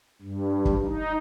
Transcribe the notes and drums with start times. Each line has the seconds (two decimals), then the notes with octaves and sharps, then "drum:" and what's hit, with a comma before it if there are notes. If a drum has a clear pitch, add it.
0.22 G2
0.65 drum: kick
0.86 D#4